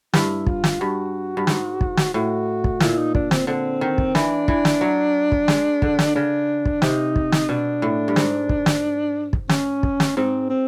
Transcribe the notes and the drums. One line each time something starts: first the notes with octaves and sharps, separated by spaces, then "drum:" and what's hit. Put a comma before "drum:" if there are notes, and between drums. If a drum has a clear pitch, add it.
G2 E4, drum: snare
F4, drum: kick
drum: snare
G2 F#4
G2
G#2, drum: snare
drum: kick
drum: snare
A2 F#4
drum: kick
A#2 E4, drum: snare
D#4
D4, drum: kick
C4, drum: snare
D3 C4
D#3
drum: kick
E3 D4, drum: snare
E3, drum: kick
drum: snare
F#3
drum: kick
G#3, drum: snare
D3, drum: kick
drum: snare
C#3 D4
drum: kick
C3 D#4, drum: snare
drum: kick
drum: snare
B2 D4
A2
G2
G#2, drum: snare
drum: kick
drum: snare
drum: kick
C#4, drum: snare
drum: kick
drum: snare
G#2 C4
C4